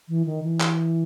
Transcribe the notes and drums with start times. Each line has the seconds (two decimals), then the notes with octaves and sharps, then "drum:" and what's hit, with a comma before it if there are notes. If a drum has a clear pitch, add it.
0.08 E3
0.26 D#3
0.43 E3
0.61 drum: clap